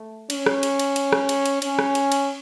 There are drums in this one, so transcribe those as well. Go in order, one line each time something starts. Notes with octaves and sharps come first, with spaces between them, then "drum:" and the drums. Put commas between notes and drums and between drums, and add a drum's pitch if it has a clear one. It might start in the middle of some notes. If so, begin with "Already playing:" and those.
Already playing: A3
C#4, drum: cymbal
drum: rim click
drum: cymbal
drum: cymbal
drum: cymbal
drum: rim click
drum: cymbal
drum: cymbal
C#4, drum: cymbal
drum: rim click
drum: cymbal
drum: cymbal